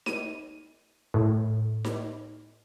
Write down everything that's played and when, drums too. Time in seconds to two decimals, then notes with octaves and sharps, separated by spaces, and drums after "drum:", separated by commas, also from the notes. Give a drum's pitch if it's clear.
0.06 D#7, drum: snare D#4
1.14 A2
1.85 drum: snare D#4